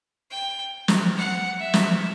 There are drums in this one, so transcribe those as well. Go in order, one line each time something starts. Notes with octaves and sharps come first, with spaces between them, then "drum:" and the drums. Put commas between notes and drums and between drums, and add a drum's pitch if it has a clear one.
G5
drum: snare
F#5
E5
drum: snare